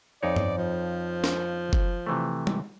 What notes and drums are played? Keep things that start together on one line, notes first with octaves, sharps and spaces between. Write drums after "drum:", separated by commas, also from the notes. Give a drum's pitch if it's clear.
F2 D#4 C#5 D5
drum: tom G2
F3
drum: snare
drum: kick
C3 E3 A3
drum: tom G3